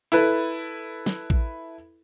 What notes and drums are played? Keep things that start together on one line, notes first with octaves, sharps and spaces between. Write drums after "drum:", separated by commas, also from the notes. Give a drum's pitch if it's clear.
E4 A4 B4
drum: snare
drum: kick